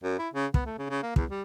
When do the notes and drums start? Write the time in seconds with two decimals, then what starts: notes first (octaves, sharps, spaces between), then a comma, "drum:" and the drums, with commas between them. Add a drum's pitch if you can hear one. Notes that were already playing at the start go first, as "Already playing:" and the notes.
0.03 F#2
0.19 E4
0.34 C#3
0.54 B3, drum: kick
0.66 A3
0.78 C#3
0.90 C#3
1.03 A#3
1.16 E2, drum: kick
1.30 G3